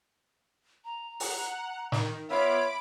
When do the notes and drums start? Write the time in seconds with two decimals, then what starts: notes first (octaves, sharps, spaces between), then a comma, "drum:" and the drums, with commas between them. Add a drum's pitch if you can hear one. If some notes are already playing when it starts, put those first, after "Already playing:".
0.85 A#5
1.20 F#5, drum: open hi-hat
1.92 D#3, drum: snare
2.30 B3 F4 C#5 E5 B5 D6 D7